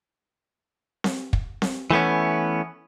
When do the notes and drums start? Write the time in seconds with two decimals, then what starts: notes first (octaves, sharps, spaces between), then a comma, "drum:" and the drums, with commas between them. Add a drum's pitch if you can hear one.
1.04 drum: snare C4
1.33 drum: kick
1.62 drum: snare C4
1.91 E3 A3 B3 C#4